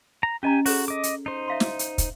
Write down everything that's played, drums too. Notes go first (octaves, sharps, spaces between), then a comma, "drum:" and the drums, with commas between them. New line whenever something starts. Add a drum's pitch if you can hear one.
A#5
C#4 G4 D#5 G#5 A#5
F#4 G#4 A4 C#5, drum: open hi-hat
D#5 D6
drum: hi-hat
D#4 C5
E5 F5 C6
drum: snare
drum: hi-hat
drum: kick, hi-hat